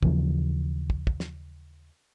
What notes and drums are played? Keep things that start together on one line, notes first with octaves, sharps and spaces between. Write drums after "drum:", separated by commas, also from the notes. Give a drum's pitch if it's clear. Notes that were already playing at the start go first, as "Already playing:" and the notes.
D#2 C#3 E3 F3, drum: kick
drum: kick
drum: kick
drum: snare